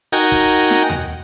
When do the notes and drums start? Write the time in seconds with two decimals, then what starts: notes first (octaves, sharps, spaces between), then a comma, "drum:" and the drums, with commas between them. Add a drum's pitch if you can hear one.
0.12 D#4 F#4 A#4 G5 G#5
0.32 drum: kick
0.70 drum: snare
0.90 drum: tom D#2